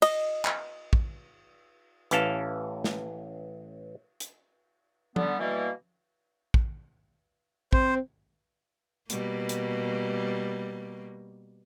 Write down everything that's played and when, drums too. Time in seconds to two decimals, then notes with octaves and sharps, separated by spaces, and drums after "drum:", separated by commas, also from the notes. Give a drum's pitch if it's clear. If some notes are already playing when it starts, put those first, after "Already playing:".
0.02 D#5, drum: cymbal
0.45 drum: clap
0.93 drum: kick
2.11 A1 E3 C#4 F5 A5, drum: hi-hat
2.84 drum: snare
4.20 drum: hi-hat
5.16 D3 G3 B3, drum: tom F3
5.40 B2 E3 G3 A#3
6.54 drum: kick
7.73 C4 C5, drum: kick
9.10 B2 G3 A#3, drum: hi-hat
9.49 drum: hi-hat